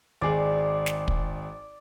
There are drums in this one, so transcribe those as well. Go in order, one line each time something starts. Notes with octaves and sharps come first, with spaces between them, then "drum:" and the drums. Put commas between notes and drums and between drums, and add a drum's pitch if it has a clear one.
G#1 G#4 D5
drum: snare
drum: kick